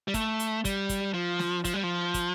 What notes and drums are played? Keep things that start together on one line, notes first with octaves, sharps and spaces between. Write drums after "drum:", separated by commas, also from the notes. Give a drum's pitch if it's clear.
G3
A3, drum: kick, hi-hat
drum: hi-hat
G3, drum: kick, hi-hat
drum: kick, hi-hat
F3
drum: snare
F3, drum: kick, hi-hat
G3
F3
drum: kick, hi-hat